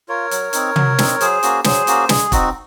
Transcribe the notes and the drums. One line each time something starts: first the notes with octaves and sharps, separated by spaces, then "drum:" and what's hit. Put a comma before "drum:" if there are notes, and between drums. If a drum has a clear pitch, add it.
F4 A#4 C#5
F#3, drum: hi-hat
C4 D#4, drum: hi-hat
F#3, drum: tom
C4 D#4, drum: snare
F#3 G#4 C5, drum: hi-hat
A#3 C#4 F#4, drum: hi-hat
F#3 G#4 C5, drum: snare
A#3 C#4 F#4, drum: hi-hat
G#3 G#4, drum: snare
C4 D#4 F#4, drum: kick, hi-hat